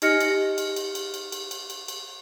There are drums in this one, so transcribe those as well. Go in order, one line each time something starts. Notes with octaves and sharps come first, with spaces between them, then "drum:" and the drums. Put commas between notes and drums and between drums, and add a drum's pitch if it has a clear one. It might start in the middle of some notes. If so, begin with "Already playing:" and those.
D#4 G4 D#5 F6 A#6 C#7, drum: cymbal
drum: cymbal
drum: cymbal
drum: cymbal
drum: cymbal
drum: cymbal
drum: cymbal
drum: cymbal
drum: cymbal
drum: cymbal